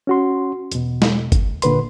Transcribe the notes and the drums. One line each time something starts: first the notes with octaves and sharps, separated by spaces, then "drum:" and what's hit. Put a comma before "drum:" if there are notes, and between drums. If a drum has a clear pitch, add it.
C#4 F#4 C6
E2 B2, drum: hi-hat
drum: snare G#3
drum: kick G1, hi-hat
A#2 D3 B4 C6, drum: hi-hat